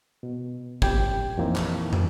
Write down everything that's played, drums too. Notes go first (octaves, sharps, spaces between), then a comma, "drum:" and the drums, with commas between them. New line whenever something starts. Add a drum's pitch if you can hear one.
B2
A#2 G4 G5 G#6, drum: kick
F2 A#2 E3 A#3 C4 D#4
drum: clap
drum: tom